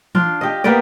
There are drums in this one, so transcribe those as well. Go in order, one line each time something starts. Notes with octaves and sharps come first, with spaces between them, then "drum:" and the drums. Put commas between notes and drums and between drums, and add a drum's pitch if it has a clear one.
D4 F4, drum: tom E3
G4 D#5
A#3 B3 G4 D5